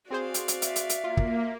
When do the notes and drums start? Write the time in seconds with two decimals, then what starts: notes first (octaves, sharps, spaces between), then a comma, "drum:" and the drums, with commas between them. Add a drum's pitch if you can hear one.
0.10 C4 F#4 G#4 C5 D5 F5
0.34 drum: hi-hat
0.48 drum: hi-hat
0.62 E5, drum: hi-hat
0.76 drum: hi-hat
0.90 drum: hi-hat
1.04 A#3 F4
1.17 drum: kick